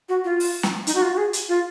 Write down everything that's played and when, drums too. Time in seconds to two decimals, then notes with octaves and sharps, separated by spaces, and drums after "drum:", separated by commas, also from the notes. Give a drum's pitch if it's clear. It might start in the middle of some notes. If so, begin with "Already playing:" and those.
0.09 F#4
0.24 F4
0.40 drum: open hi-hat
0.63 drum: snare
0.87 D#4, drum: hi-hat
0.95 F#4
1.02 F4
1.13 F#4
1.18 G#4
1.33 drum: hi-hat
1.49 F4